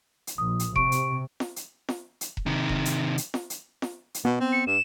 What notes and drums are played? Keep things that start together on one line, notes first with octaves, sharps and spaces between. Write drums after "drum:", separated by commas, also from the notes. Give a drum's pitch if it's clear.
drum: hi-hat
A#1 D#6
drum: hi-hat
C3 C#6 D7, drum: kick E1
drum: hi-hat
drum: snare
drum: hi-hat
drum: snare
drum: hi-hat
drum: kick E1
C3 D#3
drum: kick E1
drum: hi-hat
drum: hi-hat
drum: snare
drum: hi-hat
drum: snare
drum: hi-hat
B2 B3
C4
C#7
G2 E7